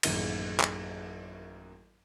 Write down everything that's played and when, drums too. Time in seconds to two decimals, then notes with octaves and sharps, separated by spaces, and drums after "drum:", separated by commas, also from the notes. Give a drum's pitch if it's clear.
0.03 A1 F#2 D#3 A#3 D#7 G7, drum: cymbal
0.60 drum: clap